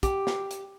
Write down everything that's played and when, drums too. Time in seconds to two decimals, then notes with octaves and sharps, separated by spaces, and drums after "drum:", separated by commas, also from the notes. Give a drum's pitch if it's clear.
0.03 G4, drum: kick, hi-hat
0.27 drum: snare
0.51 drum: hi-hat